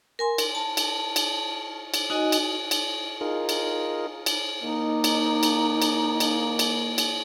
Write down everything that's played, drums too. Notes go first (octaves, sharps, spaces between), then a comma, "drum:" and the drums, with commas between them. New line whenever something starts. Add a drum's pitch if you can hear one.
A#4 G#5 C6
drum: cymbal
A5
drum: cymbal
drum: cymbal
drum: cymbal
D#4 F#4 D#5 G#5
drum: cymbal
drum: cymbal
D#4 F4 G#4 A#4
drum: cymbal
drum: cymbal
D#3 A#3 D#4
drum: cymbal
drum: cymbal
drum: cymbal
drum: cymbal
drum: cymbal
drum: cymbal